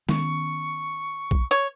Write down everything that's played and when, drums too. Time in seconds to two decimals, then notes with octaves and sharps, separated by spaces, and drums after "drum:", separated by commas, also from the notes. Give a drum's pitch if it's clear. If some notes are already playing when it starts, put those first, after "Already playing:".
0.09 D#3 B3 C#4 C#6, drum: snare
1.31 drum: kick B1
1.51 C#5